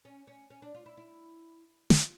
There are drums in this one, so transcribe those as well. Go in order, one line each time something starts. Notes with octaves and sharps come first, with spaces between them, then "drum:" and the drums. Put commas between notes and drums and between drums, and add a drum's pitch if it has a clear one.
C#4
C#4
C#4
D4
F4
E4
E4
F4, drum: snare